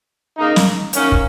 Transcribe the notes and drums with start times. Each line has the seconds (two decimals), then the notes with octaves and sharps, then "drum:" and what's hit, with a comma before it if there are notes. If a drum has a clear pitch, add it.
0.37 C#3 A#3 D#4
0.56 drum: snare
0.93 F#2 D#3 A#3 C#4, drum: hi-hat
1.12 drum: kick